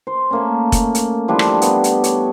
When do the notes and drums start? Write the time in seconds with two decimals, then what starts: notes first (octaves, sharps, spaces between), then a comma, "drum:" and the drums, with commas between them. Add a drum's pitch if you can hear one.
0.07 C5
0.31 A3 A#3 C#4
0.72 drum: kick F1, hi-hat
0.95 drum: hi-hat
1.28 F3 G3 D4 E4
1.39 drum: rim click
1.62 B3, drum: hi-hat
1.84 drum: hi-hat
2.04 C#5, drum: hi-hat